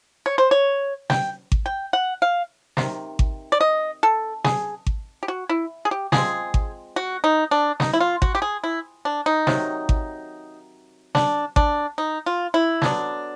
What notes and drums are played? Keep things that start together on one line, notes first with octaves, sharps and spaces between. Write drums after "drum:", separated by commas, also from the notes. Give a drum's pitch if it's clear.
C#5
C5
C#5
G5, drum: snare
drum: kick G#1
G5
F#5
F5
C3 D#3, drum: snare
drum: kick G#1
D5
D#5
A4
G#4, drum: snare
drum: kick G#1
G4
F#4
E4
G#4
G4
F3 G#3 C4 G#4, drum: snare
drum: kick G#1
F#4
D#4
D4
D#4, drum: snare
E4
F4
F#4, drum: kick G#1
G4
G#4
E4
D4
D#4
C3 D#3 F#3, drum: snare
drum: kick G#1
D4, drum: snare
D4, drum: kick G#1
D#4
F4
E4
D3 F#3 B3 D4, drum: snare